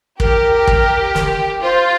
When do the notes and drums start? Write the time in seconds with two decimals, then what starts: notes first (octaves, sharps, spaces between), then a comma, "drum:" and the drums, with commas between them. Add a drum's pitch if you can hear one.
0.20 G4 A#4, drum: kick
0.55 G4
0.67 drum: kick
1.15 drum: snare
1.63 F4 C5